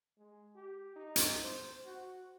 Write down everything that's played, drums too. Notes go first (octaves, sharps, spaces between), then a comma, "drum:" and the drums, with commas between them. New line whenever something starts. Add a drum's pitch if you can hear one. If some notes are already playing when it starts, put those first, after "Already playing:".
G#3
G4
D#4
drum: hi-hat
C5
F#4